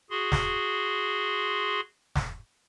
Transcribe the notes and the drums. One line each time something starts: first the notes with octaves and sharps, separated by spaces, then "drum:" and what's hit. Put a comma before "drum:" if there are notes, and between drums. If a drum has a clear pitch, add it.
F#4 G#4 C6
drum: snare
drum: snare